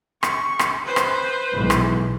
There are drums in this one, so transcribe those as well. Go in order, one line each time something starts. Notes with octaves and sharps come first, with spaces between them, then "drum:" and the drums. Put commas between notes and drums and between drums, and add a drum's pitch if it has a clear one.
C#6, drum: rim click
drum: rim click
B4 C5
drum: rim click
B1 E3 G#3
drum: rim click